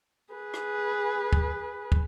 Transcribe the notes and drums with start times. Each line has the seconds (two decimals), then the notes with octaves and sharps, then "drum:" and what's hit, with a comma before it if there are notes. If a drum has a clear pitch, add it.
0.34 G#4 B4
0.54 drum: rim click
1.33 drum: kick
1.92 drum: kick